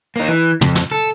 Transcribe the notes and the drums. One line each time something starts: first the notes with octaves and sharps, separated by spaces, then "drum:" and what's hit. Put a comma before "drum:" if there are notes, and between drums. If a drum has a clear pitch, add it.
A#3 D#4
E3
F2, drum: tom
drum: snare
A4